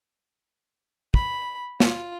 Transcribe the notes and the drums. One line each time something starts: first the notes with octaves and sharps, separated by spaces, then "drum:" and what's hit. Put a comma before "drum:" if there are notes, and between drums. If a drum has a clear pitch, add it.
B5, drum: kick
F4, drum: snare